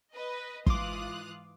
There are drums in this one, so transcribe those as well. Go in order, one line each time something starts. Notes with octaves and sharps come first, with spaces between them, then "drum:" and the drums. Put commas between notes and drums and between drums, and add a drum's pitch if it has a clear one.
B4 D#5
G#2 E3 F4 F5 C6 D6 D#6 F#6, drum: kick